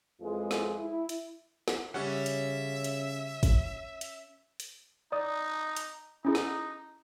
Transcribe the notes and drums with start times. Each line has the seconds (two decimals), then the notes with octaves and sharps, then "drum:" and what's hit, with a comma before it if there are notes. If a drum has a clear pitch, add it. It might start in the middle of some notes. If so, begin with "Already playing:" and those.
0.22 F2 E3 F3 G#3
0.51 drum: snare
0.79 E4
1.09 drum: hi-hat
1.68 drum: snare
1.94 C#3 G3 C#4 E5 F#5
2.26 drum: hi-hat
2.84 drum: hi-hat
3.43 drum: kick, hi-hat
4.01 drum: hi-hat
4.60 drum: hi-hat
5.12 D#4 D5 D#6
5.76 drum: hi-hat
6.25 C#4 D#4 E4 G#4
6.35 drum: snare